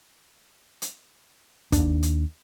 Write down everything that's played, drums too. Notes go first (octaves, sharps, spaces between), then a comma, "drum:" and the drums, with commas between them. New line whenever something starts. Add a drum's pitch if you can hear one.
drum: hi-hat
D#2 D4, drum: kick, hi-hat
drum: hi-hat